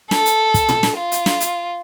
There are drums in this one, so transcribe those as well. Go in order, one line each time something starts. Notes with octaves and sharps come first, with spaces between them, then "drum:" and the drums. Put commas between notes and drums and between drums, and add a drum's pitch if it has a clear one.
A4, drum: snare
drum: hi-hat
drum: kick, hi-hat
drum: tom
drum: snare
F4
drum: hi-hat
drum: snare
drum: hi-hat